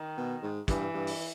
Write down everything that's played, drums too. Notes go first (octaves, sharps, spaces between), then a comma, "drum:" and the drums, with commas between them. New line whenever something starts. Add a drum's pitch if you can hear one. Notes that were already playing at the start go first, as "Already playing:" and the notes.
Already playing: D#3
B2
G#2
G2 E3, drum: kick, hi-hat
G2
drum: open hi-hat